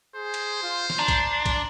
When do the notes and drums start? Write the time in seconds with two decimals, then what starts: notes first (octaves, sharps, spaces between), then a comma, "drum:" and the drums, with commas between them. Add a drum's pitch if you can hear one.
0.15 G#4 C5
0.34 drum: cymbal
0.63 F4
0.90 drum: snare
0.99 D4 A#5 C6
1.08 drum: kick B1, cymbal
1.46 drum: kick B1, cymbal